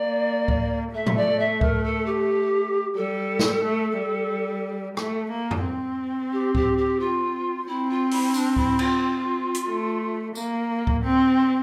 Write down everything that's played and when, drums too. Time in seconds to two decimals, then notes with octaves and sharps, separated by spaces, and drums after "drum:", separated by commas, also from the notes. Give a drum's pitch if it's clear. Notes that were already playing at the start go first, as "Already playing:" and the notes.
Already playing: A#3 D5
0.48 drum: kick C#2
0.94 A3 E5
1.06 drum: tom A2
1.17 D5
1.39 E5
1.61 A#4, drum: kick C#2
1.84 A4
2.06 G4
2.96 G3 A4
3.39 drum: snare
3.63 A3
3.97 G3
4.97 A3, drum: rim click
5.31 A#3
5.51 drum: tom F2
5.65 C4
6.32 G4
6.55 G4, drum: kick C#2
6.77 G4
7.00 F4
7.66 C4 E4
7.89 F4
8.11 E4, drum: open hi-hat
8.34 D4, drum: tambourine
8.56 E4, drum: kick C#2
8.79 F4, drum: cymbal
9.55 drum: hi-hat
9.68 A3
10.35 A#3, drum: tambourine
10.87 drum: kick C#2
11.04 C4